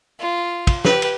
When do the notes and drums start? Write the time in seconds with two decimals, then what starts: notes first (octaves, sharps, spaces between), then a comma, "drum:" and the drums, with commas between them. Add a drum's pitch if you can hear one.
0.20 F4
0.67 drum: kick, cymbal
0.85 G4 B4, drum: snare
1.02 drum: cymbal